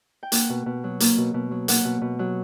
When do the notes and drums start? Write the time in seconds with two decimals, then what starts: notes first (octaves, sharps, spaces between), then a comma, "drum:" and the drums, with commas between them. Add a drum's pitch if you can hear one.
0.23 G5
0.32 A#3 F#5, drum: hi-hat
0.50 B2
0.66 B2
0.84 F#3
1.00 A#3, drum: hi-hat
1.18 B2
1.34 B2
1.51 F#3
1.68 A#3 F#5, drum: hi-hat
1.85 B2
2.01 B2
2.19 F#3